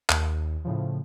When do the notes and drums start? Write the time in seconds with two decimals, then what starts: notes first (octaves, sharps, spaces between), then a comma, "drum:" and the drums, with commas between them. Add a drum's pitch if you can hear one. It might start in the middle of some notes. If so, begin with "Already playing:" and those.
0.09 D#2, drum: clap
0.65 A2 C#3 F3